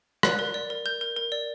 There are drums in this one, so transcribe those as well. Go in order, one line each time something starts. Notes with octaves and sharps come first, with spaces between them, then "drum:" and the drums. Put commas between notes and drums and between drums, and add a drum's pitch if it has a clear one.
D5 F#6, drum: rim click
A#4
D5
A#4
A#4 G6
A#4
A#4
D5